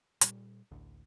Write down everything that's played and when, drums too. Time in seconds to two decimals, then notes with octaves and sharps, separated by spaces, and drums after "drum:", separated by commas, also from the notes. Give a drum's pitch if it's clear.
0.21 A#2 G3, drum: hi-hat
0.71 A1 D2